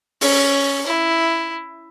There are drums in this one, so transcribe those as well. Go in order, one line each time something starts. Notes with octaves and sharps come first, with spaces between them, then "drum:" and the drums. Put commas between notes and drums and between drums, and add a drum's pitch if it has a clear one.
C#4, drum: open hi-hat
E4